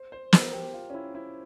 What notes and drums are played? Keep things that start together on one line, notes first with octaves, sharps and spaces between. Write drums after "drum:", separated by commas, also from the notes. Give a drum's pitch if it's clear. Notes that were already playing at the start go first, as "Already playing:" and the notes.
Already playing: C5
C5
A#4, drum: snare
G4
F4
C#4
E4
E4